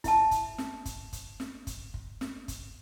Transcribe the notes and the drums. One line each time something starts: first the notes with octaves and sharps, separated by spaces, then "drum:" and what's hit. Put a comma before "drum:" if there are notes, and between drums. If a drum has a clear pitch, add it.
E4 E5 A5, drum: kick, hi-hat
drum: kick, hi-hat
drum: snare
drum: kick, hi-hat
drum: kick, hi-hat
drum: snare
drum: kick, hi-hat
drum: kick
drum: snare
drum: kick, hi-hat